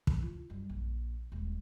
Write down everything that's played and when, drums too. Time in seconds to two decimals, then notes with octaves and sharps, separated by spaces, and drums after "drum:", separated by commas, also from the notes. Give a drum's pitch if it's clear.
0.07 E3, drum: kick
0.22 F4
0.50 F#2 G3
0.69 A#1
1.32 D#1 G#3